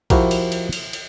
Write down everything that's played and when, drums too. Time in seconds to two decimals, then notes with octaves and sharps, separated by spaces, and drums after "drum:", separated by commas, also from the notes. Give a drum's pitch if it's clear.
0.10 F3 E4 F#4 G4 A#4, drum: kick, cymbal
0.31 drum: cymbal
0.52 drum: cymbal
0.73 drum: cymbal
0.93 drum: cymbal